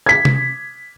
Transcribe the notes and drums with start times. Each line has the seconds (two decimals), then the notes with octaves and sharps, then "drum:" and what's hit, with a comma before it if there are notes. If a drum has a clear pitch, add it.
0.06 G#6 B6
0.25 drum: tom C3